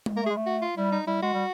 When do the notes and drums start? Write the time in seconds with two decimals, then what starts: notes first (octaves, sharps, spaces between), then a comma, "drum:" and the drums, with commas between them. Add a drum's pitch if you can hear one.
0.06 drum: tom G#3
0.16 A#3 A#4
0.23 A3
0.26 G#4
0.30 G#3
0.37 A3
0.46 F#4
0.62 F4
0.77 G3 E4
0.92 D#4
1.07 G3 E4
1.22 G#3 F#4
1.33 G3